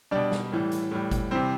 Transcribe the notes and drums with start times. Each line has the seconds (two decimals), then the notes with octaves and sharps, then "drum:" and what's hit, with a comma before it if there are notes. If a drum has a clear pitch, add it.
0.11 B2 G3 D4 D5
0.32 drum: snare
0.52 A2 E3 G3
0.72 drum: hi-hat
0.91 A2 E3 G3
1.11 drum: kick G1, hi-hat
1.31 C3 E3 G3 C4 C5